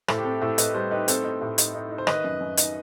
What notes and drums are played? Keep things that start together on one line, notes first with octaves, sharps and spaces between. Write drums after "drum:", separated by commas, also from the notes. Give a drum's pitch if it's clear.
A2 A4 C5, drum: rim click
G4
C4 A4
A2 A4 C5
A2 B4 D#5, drum: hi-hat
G3 A4 C5
D#4 G4 B4
C4 A4 C5, drum: hi-hat
D#4
A2
D#4, drum: hi-hat
D#4
D#4
C5
D#3 B4 D#5, drum: rim click
F#2
F#2
D#4, drum: hi-hat